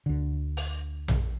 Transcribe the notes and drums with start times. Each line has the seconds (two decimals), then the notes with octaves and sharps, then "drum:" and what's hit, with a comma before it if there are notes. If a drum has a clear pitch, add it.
0.06 D2 D3
0.57 drum: open hi-hat
1.08 drum: tom A#1